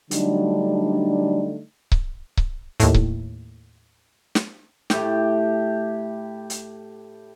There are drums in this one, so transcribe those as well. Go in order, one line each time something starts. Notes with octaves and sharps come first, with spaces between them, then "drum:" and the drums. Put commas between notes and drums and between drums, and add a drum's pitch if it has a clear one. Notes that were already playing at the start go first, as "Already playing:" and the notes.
D3 F#3 G3 A3 D4 D#4, drum: hi-hat
drum: kick C#1
drum: kick C#1
D#2 A2, drum: hi-hat
drum: kick C#1
drum: snare
A2 G4, drum: snare
drum: hi-hat